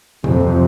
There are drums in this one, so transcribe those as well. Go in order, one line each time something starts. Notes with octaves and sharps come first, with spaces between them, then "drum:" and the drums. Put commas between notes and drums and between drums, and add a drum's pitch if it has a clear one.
F2 C3, drum: tom C3